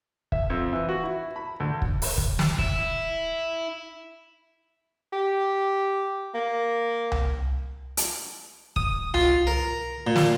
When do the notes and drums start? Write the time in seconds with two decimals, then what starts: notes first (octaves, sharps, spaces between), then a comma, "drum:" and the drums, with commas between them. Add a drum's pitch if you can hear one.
0.32 E5, drum: kick
0.50 F2
0.73 E3
0.89 F#4
1.03 E4
1.36 B5
1.60 D2
1.82 drum: kick
2.02 drum: open hi-hat
2.18 drum: kick
2.39 drum: snare
2.59 E4, drum: kick
5.13 G4
6.34 A#3
7.12 drum: tom C2
7.97 drum: hi-hat
8.76 D#6, drum: kick
9.14 F4, drum: tom C2
9.47 A#4
10.07 A#2
10.16 drum: snare